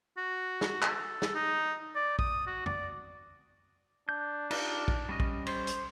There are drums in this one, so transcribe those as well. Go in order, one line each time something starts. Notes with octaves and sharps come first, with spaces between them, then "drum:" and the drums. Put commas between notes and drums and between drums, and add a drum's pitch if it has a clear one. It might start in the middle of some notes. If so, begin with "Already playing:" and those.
F#4
drum: snare
A4, drum: clap
drum: snare
D#4
D5
D#6, drum: kick
F#4
D5, drum: tom
D4 G6
D#4 F4 G4, drum: cymbal
drum: kick
G3 C#4 D#5
drum: kick
C5, drum: cymbal
drum: hi-hat